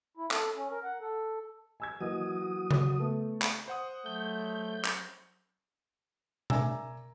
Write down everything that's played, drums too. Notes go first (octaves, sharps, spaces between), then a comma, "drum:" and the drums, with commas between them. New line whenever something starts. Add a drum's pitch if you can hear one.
E4
A4, drum: clap
C#4
A#4
F#5
A4
G#5 E6 G#6
E3 F#3 A#3 F#4 D#5 D#6
drum: tom C#3
A3 B3 A4
drum: clap
C5 F#5 D#6
F#3 A3 G6
drum: clap
A#4 D5 E5 G#5 A#5 E6, drum: tom B2